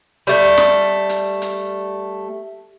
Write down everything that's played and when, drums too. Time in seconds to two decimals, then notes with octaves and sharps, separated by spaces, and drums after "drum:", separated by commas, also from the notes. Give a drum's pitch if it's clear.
0.27 G3 A3, drum: hi-hat
0.58 drum: snare
1.09 drum: hi-hat
1.42 drum: hi-hat